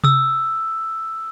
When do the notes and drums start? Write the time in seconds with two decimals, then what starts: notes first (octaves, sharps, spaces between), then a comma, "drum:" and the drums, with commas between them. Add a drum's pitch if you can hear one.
0.04 D#6 E6, drum: tom C3